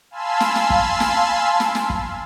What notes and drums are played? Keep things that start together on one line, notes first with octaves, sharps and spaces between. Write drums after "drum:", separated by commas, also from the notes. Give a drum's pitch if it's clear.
F5 G#5 A5 B5 C6 E6
drum: snare
drum: snare
drum: kick
drum: snare
drum: snare
drum: snare
drum: kick